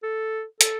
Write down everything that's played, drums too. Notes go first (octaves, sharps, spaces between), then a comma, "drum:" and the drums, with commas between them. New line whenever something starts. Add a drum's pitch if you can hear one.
A4
A4, drum: hi-hat